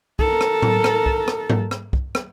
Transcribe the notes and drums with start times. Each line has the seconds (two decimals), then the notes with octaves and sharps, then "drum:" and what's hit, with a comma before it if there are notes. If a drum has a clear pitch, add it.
0.19 A4 A#4, drum: kick
0.41 drum: rim click
0.62 drum: tom A2
0.84 drum: rim click
1.06 drum: kick
1.28 drum: rim click
1.50 drum: tom G#2
1.71 drum: rim click
1.93 drum: kick
2.15 drum: rim click